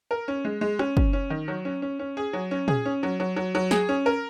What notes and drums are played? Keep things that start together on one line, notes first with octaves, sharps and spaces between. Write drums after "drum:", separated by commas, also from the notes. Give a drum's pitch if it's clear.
A#4
C#4
G#3
G#3
C#4, drum: rim click
C#4, drum: kick
C#4
D#3
F#3
C#4
C#4
C#4
G#4
F#3
C#4
G#4, drum: tom A#2
C#4
F#3
F#3
F#3
F#3
G#4, drum: snare
C#4
A#4